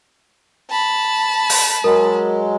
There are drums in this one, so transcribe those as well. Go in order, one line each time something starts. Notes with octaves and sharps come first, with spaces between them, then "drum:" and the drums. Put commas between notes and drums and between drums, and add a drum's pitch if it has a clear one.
A5 B5
drum: open hi-hat
F#3 G#3 A#4